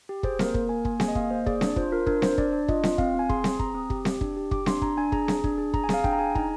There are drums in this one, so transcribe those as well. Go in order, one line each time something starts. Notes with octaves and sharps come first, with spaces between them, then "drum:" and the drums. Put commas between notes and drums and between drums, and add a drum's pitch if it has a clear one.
G4
G#4 C5, drum: kick
A#3 A#4, drum: snare C4
A#3 A#4, drum: kick
A#3 G#5
A#3 G#5, drum: kick
G#4 G#5, drum: snare C4
D#5
A#3 F5, drum: kick
A#3 C5
G#4 D5, drum: kick
D4, drum: snare C4
F4 C5, drum: kick
F4 A#4
D4 A#4, drum: kick
D4 C5, drum: snare C4
D4 D5, drum: kick
D4
F4 D#5, drum: kick
F4, drum: snare C4
C4 F5, drum: kick
C4 G#5
G#4 C6, drum: kick
G#4, drum: snare C4
C4 A#5, drum: kick
C4 D#6
G4, drum: kick
G4, drum: snare C4
D4, drum: kick
G4
G4 D6, drum: kick
D4 C6, drum: snare C4
D4 A#5, drum: kick
D4 G#5
G#4 A#5, drum: kick
G#4, drum: snare C4
D4, drum: kick
G#4
G#4 A#5, drum: kick
G#5
G#4 F5, drum: snare C4
D4 G5, drum: kick
A#5
G#4 G#5
D#4 A#5, drum: kick